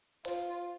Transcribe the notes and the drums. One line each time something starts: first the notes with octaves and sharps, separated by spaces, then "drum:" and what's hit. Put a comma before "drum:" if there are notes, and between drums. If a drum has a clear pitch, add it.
F4 C5, drum: hi-hat